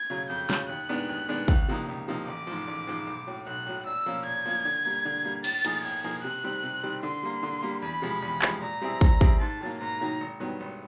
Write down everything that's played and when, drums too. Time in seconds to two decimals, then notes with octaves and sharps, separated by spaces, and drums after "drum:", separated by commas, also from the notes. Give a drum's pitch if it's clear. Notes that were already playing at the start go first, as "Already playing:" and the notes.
Already playing: G#6
0.10 C#3 F#3
0.29 F2 G6
0.50 C#3 F#3, drum: snare
0.69 D#2 F#6
0.89 D#3 G#3 B3 D4
1.09 D#2
1.29 D#3 G#3 B3 D4
1.48 C#2, drum: kick
1.68 C3 F3 A#3 D#4
1.88 C#2
2.08 C3 F3 A#3 D#4
2.27 A1 D6
2.47 G#2 F3
2.67 A1
2.87 G#2 F3
3.07 B1
3.27 A2 F#3
3.47 B1 F#6
3.66 A2 F#3
3.86 A#2 E6
4.06 F3 A#3 C#4 F4
4.26 A#2 G#6
4.45 F3 A#3 C#4 F4
4.65 D3
4.85 G3 A#3
5.05 D3
5.25 G3 A#3
5.44 A2 A6, drum: cymbal
5.64 F3 A#3 D#4 G#4, drum: hi-hat
5.84 A2 G#6
6.04 F3 A#3 D#4 G#4
6.24 C3 F#6
6.44 D#3 G3 C4
6.63 C3
6.83 D#3 G3 C4
7.03 D3 C6
7.23 G3 A#3
7.43 D3
7.63 G3 A#3
7.82 E2 B5
8.02 C3 F3 G#3
8.22 E2
8.42 C3 F3 G#3, drum: clap
8.62 A#2 A#5
8.81 G3 C4 E4 G#4
9.01 A#2, drum: kick
9.21 G3 C4 E4 G#4, drum: kick
9.40 G#2 A5
9.61 D#3 F#3 A#3
9.81 G#2 A#5
10.00 D#3 F#3 A#3
10.20 G#1
10.40 G2 D#3 F#3 B3
10.60 G#1